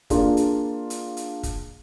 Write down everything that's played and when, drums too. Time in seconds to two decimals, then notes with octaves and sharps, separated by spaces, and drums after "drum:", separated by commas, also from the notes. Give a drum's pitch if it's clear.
0.10 A#3 D4 F4 G#4, drum: kick, hi-hat
0.37 drum: hi-hat
0.90 drum: hi-hat
1.17 drum: hi-hat
1.43 drum: kick, hi-hat